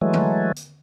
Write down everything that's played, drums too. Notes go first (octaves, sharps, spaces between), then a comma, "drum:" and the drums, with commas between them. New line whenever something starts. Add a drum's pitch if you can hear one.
E3 F#3 G#3 A3
drum: tom D3
drum: hi-hat